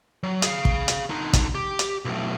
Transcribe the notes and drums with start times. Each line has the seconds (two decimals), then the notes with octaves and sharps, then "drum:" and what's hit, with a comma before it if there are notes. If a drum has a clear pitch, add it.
0.23 F#3
0.42 G#4 F5, drum: hi-hat
0.65 drum: kick
0.88 drum: hi-hat
1.10 D3 D#4
1.33 drum: kick, hi-hat
1.55 G4
1.79 drum: hi-hat
2.05 B1 A2